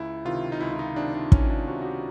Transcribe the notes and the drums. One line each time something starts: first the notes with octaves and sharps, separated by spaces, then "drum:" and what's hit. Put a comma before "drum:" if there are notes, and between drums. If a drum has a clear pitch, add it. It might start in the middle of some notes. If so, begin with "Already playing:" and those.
Already playing: C#2 E4
C3 D#3 F4
D#4
C#2 E4
E4
D#4
C3 D#3 D4
D4
C#2 C#4, drum: kick
D4
C3 D#3 F#4
F#4
G4